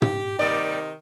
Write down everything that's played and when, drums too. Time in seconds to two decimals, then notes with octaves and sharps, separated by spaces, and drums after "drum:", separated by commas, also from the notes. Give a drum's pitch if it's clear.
0.02 G4, drum: tom
0.39 C3 D#3 G3 A#3 D#4 D5